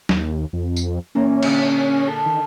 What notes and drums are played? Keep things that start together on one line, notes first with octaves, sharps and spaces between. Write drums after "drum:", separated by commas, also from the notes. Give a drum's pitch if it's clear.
D#2, drum: snare
F2
drum: tambourine
A#2 E3 A#3 C#4
D3 G#4, drum: cymbal
A4
D#3